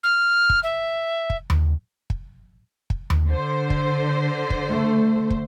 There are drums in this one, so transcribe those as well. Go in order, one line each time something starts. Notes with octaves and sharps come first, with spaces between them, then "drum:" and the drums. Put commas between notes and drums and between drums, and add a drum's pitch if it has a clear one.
F6
drum: kick
E5
drum: kick
drum: tom D#2
drum: kick
drum: kick
drum: tom D#2
D3 C5
drum: kick
drum: kick
A3
drum: kick